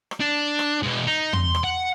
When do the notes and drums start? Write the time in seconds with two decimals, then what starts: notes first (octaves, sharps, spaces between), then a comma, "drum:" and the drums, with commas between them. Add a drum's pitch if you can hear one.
0.11 drum: rim click
0.20 D4
0.59 drum: rim click
0.83 B2 G#3
1.07 D#4
1.33 C6, drum: tom
1.55 drum: rim click
1.64 F#5